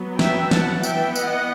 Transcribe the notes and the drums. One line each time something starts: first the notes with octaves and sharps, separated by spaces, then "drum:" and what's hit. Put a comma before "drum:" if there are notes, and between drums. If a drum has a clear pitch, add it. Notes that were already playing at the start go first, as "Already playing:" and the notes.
Already playing: F#3 B3
E5 G5, drum: snare
F#5 A5, drum: snare
E3 B3 E5 G5, drum: tambourine
D#5 F#5, drum: tambourine